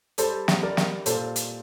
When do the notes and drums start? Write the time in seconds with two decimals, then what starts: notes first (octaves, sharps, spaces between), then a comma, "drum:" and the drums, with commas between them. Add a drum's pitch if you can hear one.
0.18 G3 A4 C5, drum: hi-hat
0.48 drum: snare
0.62 G3 A#4 D5
0.77 drum: snare
1.06 A#2 A4 C5, drum: hi-hat
1.36 drum: hi-hat